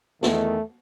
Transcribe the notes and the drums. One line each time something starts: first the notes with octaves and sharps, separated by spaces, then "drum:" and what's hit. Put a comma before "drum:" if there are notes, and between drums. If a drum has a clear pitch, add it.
E2 D#3 A3, drum: snare